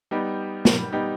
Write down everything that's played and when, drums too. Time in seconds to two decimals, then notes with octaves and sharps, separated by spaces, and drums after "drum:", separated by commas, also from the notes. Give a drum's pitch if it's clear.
0.11 G3 B3 D#4 G4
0.65 drum: snare
0.93 G3 B3 D#4 G4